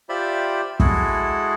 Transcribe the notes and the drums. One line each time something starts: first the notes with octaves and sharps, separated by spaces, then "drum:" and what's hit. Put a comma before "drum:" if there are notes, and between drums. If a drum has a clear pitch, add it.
F4 G4 C5 D5 E5 B5
G#3 E4 F#4 G#4 A4, drum: kick